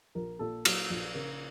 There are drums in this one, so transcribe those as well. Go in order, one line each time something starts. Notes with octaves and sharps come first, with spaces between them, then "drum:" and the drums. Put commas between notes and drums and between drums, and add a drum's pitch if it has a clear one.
A#1 A#4
A#2 A4
F#3, drum: cymbal
A#1
C#3 A#4